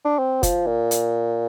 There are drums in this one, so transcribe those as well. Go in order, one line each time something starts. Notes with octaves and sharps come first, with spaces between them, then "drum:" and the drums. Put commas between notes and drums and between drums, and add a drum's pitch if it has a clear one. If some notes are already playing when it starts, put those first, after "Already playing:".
D4
C4
F3, drum: kick F#1, hi-hat
A#2
drum: hi-hat